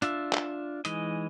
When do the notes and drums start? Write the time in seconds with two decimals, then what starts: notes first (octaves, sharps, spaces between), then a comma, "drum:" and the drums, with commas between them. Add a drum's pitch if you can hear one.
0.02 D4 F4 E5, drum: hi-hat
0.33 drum: clap
0.85 E3 G#3 D#4 D#5, drum: hi-hat